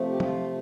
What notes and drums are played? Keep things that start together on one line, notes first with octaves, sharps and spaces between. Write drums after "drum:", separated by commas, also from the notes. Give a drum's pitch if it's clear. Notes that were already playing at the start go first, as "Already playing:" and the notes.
Already playing: C3 F3 A3
G4
F4, drum: tom F3